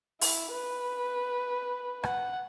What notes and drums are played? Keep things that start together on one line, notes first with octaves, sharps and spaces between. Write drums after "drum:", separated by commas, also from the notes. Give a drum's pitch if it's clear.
E4, drum: open hi-hat
B4
F#5, drum: rim click